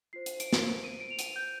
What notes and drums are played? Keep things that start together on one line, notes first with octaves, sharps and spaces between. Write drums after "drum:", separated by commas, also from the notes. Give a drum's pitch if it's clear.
F4 C5 C7
drum: hi-hat
D7, drum: hi-hat
drum: snare
D#7
D7
F7
D#7, drum: hi-hat
G6